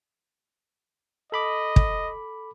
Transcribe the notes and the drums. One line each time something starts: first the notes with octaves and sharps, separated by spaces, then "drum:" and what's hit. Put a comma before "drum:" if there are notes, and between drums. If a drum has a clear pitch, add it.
A4 D#5 B5 D6
drum: kick